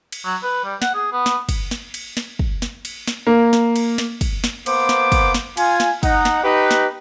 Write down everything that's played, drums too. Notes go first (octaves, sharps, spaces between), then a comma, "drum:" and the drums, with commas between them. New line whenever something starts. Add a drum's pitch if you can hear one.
drum: cymbal
F#3
B4
G3
F#5, drum: snare
G#4
B3
drum: snare
drum: kick, cymbal
drum: snare
drum: cymbal
drum: snare
drum: kick
drum: snare
drum: cymbal
drum: snare
A#3
drum: snare
drum: cymbal
drum: snare
drum: kick, cymbal
drum: snare
A#3 B3 C5 D6, drum: cymbal
drum: snare
drum: kick, cymbal
drum: snare
F4 G#5, drum: cymbal
drum: snare
D#4 F#5, drum: kick, cymbal
drum: snare
D#4 G4 B4
drum: snare